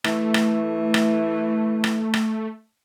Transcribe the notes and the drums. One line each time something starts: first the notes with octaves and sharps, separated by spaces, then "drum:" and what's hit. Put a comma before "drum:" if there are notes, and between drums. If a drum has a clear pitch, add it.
E3 A3, drum: rim click
drum: rim click
drum: rim click
drum: rim click
drum: rim click